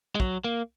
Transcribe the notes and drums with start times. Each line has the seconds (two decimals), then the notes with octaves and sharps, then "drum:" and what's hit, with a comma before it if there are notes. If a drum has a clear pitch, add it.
0.15 G#3
0.20 F#3, drum: kick
0.44 A#3